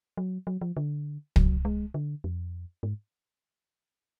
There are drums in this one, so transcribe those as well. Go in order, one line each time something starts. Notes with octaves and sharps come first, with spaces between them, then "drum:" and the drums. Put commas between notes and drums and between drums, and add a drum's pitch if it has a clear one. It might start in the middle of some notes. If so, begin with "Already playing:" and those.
F#3
F#3
F3
D3
F#3, drum: kick
G#3
D3
F2
G#2